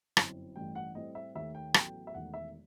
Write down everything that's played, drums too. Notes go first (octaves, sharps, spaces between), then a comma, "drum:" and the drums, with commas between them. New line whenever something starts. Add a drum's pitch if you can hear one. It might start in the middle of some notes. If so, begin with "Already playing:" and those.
G1 F#2 F#3 C4 E4, drum: rim click
A1 G2 E3 A3 G5
F#5
A2 G3 C4 E4 D#5
E5
D#2 D#3 A3 E5
G5
A1 A2 F#3 B3 G5, drum: rim click
E5
E1 E2 D#3 A3 F#5
E5